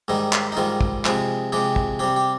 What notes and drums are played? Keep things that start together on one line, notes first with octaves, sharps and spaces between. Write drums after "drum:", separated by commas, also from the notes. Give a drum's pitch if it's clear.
G#2 D#3 G3 D#4
drum: clap
D#4
G#2 D#3 G3 F4
drum: kick
C3 F3 G#3, drum: clap
C3 F3 G#3 G4
drum: kick
C3 G3 G4
G4